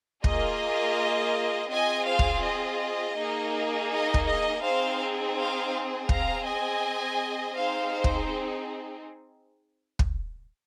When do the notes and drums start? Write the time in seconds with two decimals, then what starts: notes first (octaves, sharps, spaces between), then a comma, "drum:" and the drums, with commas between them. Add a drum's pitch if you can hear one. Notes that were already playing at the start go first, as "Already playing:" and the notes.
0.24 A#3 F4 G#4 D#5, drum: kick
1.70 C4 F4 G#4 D#5 G#5
2.07 C5 F5
2.19 drum: kick
2.44 D#5
3.17 A#3 D#4 G#4
3.90 D#5
4.14 drum: kick
4.26 D#5
4.62 C4 D#4 G#4 C5 F5
5.35 C5 F5
6.09 C4 G#4 F5 A#5, drum: kick
6.45 D#5 G#5
7.55 C4 D#4 G#4 C5 F5
7.92 C5
8.04 drum: kick
9.99 drum: kick